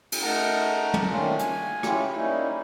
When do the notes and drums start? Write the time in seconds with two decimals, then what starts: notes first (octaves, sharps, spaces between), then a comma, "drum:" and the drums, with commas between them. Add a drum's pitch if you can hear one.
0.12 drum: cymbal
0.23 A3 D#4 A#4 F#5 A5 A#5
0.94 drum: tom
1.08 D#3 A3 A#3 C#4 D4 F4
1.39 G#5, drum: hi-hat
1.83 C#4 E4 F4 G4, drum: rim click
2.14 G3 A#3 C#4 D#4 E4